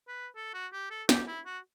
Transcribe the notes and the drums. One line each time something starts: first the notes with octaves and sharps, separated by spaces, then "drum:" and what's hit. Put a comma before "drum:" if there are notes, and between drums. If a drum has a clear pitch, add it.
B4
A4
F#4
G4
A4
G4, drum: snare
E4
F#4